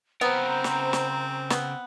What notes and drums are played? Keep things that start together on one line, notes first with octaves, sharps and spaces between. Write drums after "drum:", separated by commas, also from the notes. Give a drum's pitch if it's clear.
C#3 B3 C4 A#4 C5 A#5
drum: snare
drum: snare
B3, drum: snare